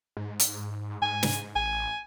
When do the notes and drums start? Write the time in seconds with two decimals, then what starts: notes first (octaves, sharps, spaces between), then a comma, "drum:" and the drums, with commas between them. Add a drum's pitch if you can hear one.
0.17 G#2
0.40 drum: hi-hat
1.02 G#2 G#5
1.23 drum: snare
1.56 A1 G#5